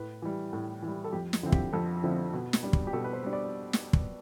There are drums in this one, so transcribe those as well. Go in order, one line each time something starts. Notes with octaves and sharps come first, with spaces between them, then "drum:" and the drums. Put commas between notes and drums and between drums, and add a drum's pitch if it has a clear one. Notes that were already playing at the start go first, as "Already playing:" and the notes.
Already playing: A2 B4
E3 G3
A2
E3
G3
A4
F2 G4
drum: snare
D3 F3 C4 E4
G4, drum: kick
F2 A4
D3 F3 C4 E4
B2
drum: snare
G3 D4
drum: kick
G4
B2 A4
B4
C5
G3 D4
D5
drum: snare
drum: kick